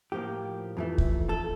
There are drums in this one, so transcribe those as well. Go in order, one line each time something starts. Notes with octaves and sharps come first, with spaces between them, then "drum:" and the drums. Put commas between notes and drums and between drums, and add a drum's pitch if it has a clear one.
A2 F3 A#3 G4
F2 E3 A3
drum: kick
A4